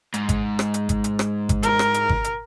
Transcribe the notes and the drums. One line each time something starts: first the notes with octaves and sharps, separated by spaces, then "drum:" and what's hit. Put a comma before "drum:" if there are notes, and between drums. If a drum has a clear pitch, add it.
G#2, drum: hi-hat
drum: kick G#1, hi-hat
drum: rim click
drum: hi-hat
drum: kick G#1, hi-hat
drum: hi-hat
drum: rim click
drum: kick G#1, hi-hat
A#4, drum: hi-hat
drum: rim click
drum: hi-hat
drum: kick G#1
drum: hi-hat